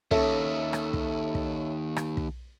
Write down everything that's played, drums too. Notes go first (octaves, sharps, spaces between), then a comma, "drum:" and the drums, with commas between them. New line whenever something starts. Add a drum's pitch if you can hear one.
D#2 C#4 A4 E5, drum: kick
drum: rim click
drum: kick
drum: kick
drum: rim click
drum: kick